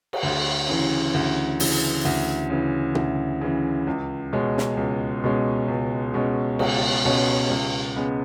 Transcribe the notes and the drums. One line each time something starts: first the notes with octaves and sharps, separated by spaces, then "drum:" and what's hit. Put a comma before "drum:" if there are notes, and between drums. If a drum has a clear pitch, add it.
drum: cymbal
D2
C#3 E3
D2
C#3 E3, drum: open hi-hat
D2
C#3 E3
D2, drum: tom B2
C#3 E3
C#2
B2 G#3 C#4
drum: snare
C#2
B2 G#3 C#4
C#2
B2 G#3 C#4
C#2, drum: cymbal
B2 G#3 C#4
C#2
C#3 G#3 B3